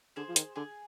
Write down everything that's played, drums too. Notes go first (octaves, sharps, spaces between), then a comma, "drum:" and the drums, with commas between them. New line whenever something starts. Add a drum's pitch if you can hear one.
D3 G#4 C5
F3
D#3, drum: hi-hat
D3 G#4